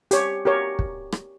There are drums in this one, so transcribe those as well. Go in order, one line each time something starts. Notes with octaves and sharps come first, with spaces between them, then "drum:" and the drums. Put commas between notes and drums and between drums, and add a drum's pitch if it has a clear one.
G4 C#5, drum: hi-hat
G4 A#4 C#5
drum: kick
drum: rim click